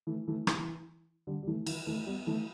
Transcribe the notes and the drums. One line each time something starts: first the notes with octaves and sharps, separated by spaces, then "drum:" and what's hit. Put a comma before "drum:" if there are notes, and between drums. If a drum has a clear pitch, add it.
E3 A3
E3 A3
E3, drum: rim click
D3 G3
G3
E3 A3
E3, drum: cymbal
E3 A3
G3 B3
E3 A3